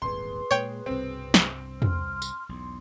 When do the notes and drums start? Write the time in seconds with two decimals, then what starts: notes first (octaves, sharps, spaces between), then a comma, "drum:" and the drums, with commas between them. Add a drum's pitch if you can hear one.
0.02 D#1 G#1 E2 G#4 B4 C6
0.51 A#2 G#3 C#5 G5
0.86 C2 G2 B2 C4
1.34 drum: snare
1.82 C6 F6, drum: tom
2.22 drum: tambourine
2.49 B1 E2 C6